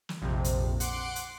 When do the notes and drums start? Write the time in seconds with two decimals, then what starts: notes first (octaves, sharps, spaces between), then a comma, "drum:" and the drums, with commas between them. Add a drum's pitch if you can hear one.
0.09 drum: snare
0.22 A#1 F2 C3
0.44 drum: hi-hat
0.80 F#5 C6 D6, drum: hi-hat
1.16 drum: hi-hat